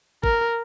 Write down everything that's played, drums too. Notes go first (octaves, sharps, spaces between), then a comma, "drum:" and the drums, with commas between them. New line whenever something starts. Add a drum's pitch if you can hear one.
A#4, drum: kick